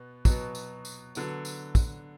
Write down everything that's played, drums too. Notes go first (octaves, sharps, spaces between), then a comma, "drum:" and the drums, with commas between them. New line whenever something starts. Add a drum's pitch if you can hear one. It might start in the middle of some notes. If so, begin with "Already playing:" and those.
Already playing: B2 B3
B2 F#3 B3, drum: kick, tambourine
drum: tambourine
drum: tambourine
D3 F#3 B3, drum: tambourine
drum: tambourine
drum: kick, tambourine